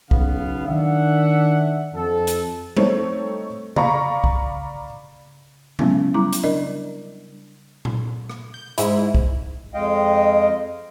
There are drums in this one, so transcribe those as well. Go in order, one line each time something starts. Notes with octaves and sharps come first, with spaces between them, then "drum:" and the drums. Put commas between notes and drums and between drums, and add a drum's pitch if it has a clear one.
B1 C#3 B3 F5, drum: kick
D#3 D4 E5 F#5
F2 A4
drum: hi-hat
A3 C4 D#4 A4 C#5, drum: tom G3
D5 F5 A#5 B5 C#6, drum: tom C#3
drum: kick
F#3 G#3 B3 C#4 E4, drum: tom C#3
G3 E4 A#5 D6
drum: hi-hat
D4 A#4 D5 D#5
drum: tom A#2
drum: rim click
G6
G#2 E4, drum: hi-hat
drum: kick
F2 G#3 D#5 F5 G5